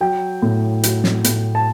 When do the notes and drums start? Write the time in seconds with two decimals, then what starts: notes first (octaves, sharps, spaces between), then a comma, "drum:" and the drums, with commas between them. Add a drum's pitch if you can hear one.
0.01 F#3 G5
0.42 A2
0.83 F#3, drum: hi-hat
1.04 drum: snare
1.24 A2, drum: hi-hat
1.55 A5